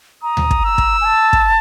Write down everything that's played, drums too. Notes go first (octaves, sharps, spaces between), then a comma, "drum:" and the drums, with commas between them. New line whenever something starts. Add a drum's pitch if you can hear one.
A#5 D#6
drum: tom D2
drum: kick
E6
drum: kick
G#5
A5
drum: kick